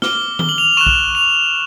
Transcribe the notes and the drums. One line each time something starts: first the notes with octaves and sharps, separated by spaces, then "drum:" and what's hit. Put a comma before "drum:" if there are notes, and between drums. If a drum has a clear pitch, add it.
D6 F6 G7, drum: snare
G7, drum: tom D#3
F#7
F7
C#6 F#6 E7
drum: kick B1
F7